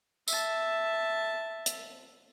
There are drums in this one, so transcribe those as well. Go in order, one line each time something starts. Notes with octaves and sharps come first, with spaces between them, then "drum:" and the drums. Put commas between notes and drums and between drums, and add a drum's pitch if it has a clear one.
E5 A5, drum: tambourine
drum: hi-hat